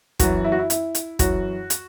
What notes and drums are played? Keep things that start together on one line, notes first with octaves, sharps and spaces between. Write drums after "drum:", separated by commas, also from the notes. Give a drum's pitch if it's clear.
F#2 E3 F#4, drum: kick, hi-hat
E4
F#4
E4
E4, drum: hi-hat
drum: hi-hat
F#2 E3 F#4, drum: kick, hi-hat
drum: hi-hat